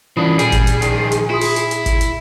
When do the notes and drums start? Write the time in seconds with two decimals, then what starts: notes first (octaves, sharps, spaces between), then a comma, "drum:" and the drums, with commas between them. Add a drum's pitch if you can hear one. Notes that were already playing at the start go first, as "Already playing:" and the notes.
0.17 E3 C#4 D4 F4 D#6
0.39 A#2 G3 G#4, drum: hi-hat
0.52 drum: kick, hi-hat
0.67 drum: hi-hat
0.82 D#3 F3, drum: hi-hat
1.12 drum: hi-hat
1.30 E4 F4 C6 D#6
1.41 drum: open hi-hat
1.56 drum: hi-hat
1.71 drum: hi-hat
1.86 drum: kick, hi-hat
2.01 drum: hi-hat